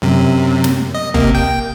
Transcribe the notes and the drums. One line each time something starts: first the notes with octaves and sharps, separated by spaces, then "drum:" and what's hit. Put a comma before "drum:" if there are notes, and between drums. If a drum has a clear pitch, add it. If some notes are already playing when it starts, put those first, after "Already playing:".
F#2 C3
drum: snare
D#5
C3 A#3, drum: kick
G5